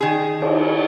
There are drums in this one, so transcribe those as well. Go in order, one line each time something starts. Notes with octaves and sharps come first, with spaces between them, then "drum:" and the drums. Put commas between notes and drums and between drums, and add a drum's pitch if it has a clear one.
D#3 G#4
drum: cymbal